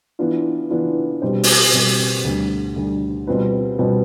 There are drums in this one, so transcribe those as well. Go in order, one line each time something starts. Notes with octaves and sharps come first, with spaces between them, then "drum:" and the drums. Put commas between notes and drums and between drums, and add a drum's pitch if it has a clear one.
E3 B3 D4 F4
E3 B3 D4 F4
B2 G3 C4 G4 C5
drum: open hi-hat
B2 G3 C4 G4 C5
D2 D3 G3
D2 D3 G3
B2 G3 C4 F4 B4
B2 G3 C4 F4 B4